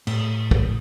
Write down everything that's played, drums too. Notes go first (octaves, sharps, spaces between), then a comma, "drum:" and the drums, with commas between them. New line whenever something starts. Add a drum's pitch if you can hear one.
A2, drum: cymbal
drum: kick